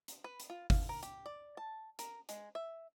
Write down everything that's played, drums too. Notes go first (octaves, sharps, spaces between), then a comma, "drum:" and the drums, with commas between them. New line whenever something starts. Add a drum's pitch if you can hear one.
drum: hi-hat
B4
drum: hi-hat
F4
F5, drum: kick G1, open hi-hat
A#4
G4, drum: hi-hat
D5
A5
A#4, drum: hi-hat
G#3, drum: hi-hat
E5